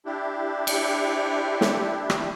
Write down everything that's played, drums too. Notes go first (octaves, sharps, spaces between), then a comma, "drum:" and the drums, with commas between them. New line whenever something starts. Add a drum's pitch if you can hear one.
D4 E4 G4
drum: cymbal
drum: snare
drum: rim click